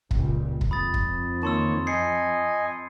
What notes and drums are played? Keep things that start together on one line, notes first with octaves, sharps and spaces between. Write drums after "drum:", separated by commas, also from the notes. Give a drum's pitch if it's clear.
C#2 A#2 G3, drum: kick
drum: kick
F2 B5 D#6 A6
drum: kick
D#3 A#3 C#5 A5 C6 E6
D#5 G#5 G6 C7 C#7